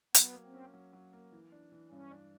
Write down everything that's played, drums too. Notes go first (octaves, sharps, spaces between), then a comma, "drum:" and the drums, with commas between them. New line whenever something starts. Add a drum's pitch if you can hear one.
F#3 B3, drum: hi-hat
A#3
C4
C#4
F#3
F#3
A#3
E3
D4
E3
G2 C#4
D4